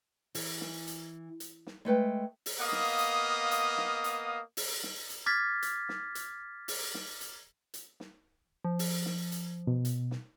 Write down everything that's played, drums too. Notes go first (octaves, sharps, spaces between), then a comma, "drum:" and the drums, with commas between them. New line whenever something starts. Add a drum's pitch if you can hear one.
E3, drum: open hi-hat
drum: snare
drum: hi-hat
drum: hi-hat
drum: snare
G#3 A3 B4 G5
drum: open hi-hat
A#3 B3 D#5 F5 D#6
drum: snare
drum: hi-hat
drum: hi-hat
drum: snare
drum: hi-hat
drum: open hi-hat
drum: snare
drum: hi-hat
D6 F6 G#6 A6 B6
drum: hi-hat
drum: snare
drum: hi-hat
drum: open hi-hat
drum: snare
drum: hi-hat
drum: hi-hat
drum: snare
F3
drum: open hi-hat
drum: snare
drum: hi-hat
B2
drum: hi-hat
drum: snare